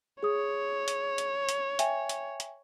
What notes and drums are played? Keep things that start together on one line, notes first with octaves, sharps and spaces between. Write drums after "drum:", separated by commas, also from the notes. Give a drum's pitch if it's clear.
G#4 C#5 D#6
drum: hi-hat
drum: hi-hat
drum: hi-hat
E5 G5 G#5, drum: hi-hat
drum: hi-hat
drum: hi-hat